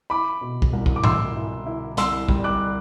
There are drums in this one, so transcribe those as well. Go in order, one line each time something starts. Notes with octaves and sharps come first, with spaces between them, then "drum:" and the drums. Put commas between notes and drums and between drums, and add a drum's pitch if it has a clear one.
E4 B5 D6
B2
drum: kick
C2
drum: kick
D6
E4 C6 E6, drum: tom G#2
E4
E4
C2 C6 E6, drum: hi-hat
G3, drum: kick
D6 F#6